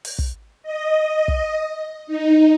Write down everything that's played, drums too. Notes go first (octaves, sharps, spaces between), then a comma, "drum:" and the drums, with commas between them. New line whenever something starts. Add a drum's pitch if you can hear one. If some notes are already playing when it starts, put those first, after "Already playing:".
drum: open hi-hat
drum: kick
D#5
drum: kick
D#4